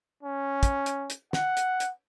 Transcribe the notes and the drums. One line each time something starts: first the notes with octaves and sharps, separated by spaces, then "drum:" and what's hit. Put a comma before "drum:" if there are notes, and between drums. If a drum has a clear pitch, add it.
C#4
drum: kick, hi-hat
drum: hi-hat
drum: hi-hat
F#5, drum: snare
drum: hi-hat
drum: hi-hat